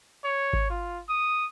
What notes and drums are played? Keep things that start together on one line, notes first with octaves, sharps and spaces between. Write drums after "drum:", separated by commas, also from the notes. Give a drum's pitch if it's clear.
C#5
drum: kick G#1
F4
D#6